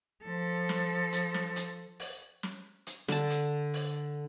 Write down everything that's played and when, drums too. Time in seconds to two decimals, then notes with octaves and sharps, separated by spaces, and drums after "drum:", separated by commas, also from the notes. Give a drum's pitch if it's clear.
0.24 F3 A4
0.69 drum: snare
1.13 drum: hi-hat
1.34 drum: snare
1.56 drum: hi-hat
2.00 drum: open hi-hat
2.43 drum: snare
2.87 drum: hi-hat
3.08 D3 A5, drum: snare
3.30 drum: hi-hat
3.74 drum: open hi-hat